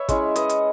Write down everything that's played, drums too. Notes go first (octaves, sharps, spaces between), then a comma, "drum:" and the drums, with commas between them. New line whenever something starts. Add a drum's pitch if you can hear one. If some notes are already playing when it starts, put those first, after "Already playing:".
Already playing: B4 C#5 E5
G#3 C#4 E4, drum: kick, hi-hat
B4 D#5, drum: hi-hat
drum: hi-hat